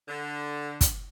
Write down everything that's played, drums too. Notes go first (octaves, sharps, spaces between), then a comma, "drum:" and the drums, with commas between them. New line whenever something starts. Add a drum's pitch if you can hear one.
D3
drum: kick, hi-hat